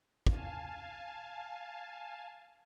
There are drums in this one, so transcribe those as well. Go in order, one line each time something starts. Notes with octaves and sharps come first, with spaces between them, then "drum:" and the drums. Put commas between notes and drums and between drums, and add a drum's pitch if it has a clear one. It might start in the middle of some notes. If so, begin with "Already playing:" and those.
F5 G#5 A5, drum: kick